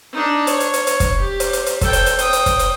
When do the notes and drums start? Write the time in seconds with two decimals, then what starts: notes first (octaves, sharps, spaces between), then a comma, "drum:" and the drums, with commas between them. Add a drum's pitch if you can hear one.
0.12 D4 D#4
0.47 C#5, drum: hi-hat
0.60 drum: hi-hat
0.74 drum: hi-hat
0.87 drum: hi-hat
1.00 drum: kick, hi-hat
1.20 G4
1.40 drum: hi-hat
1.53 drum: hi-hat
1.66 drum: hi-hat
1.81 A4 G5, drum: kick, hi-hat
1.93 drum: hi-hat
2.06 drum: hi-hat
2.19 G5 D#6, drum: hi-hat
2.33 drum: hi-hat
2.46 drum: kick, hi-hat
2.59 drum: hi-hat